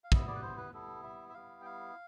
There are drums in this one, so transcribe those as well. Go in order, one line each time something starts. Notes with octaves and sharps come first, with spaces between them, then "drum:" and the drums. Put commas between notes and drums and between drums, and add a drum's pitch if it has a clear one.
F5
G3 B3 E4 E5, drum: kick
D5
B4
C5
B4
G3 B3 E4 A4
E5
E5
G3 B3 E4 F5
G5
F5